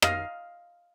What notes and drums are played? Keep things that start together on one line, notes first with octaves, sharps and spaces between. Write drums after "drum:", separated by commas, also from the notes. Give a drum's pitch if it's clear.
D#5 F5, drum: rim click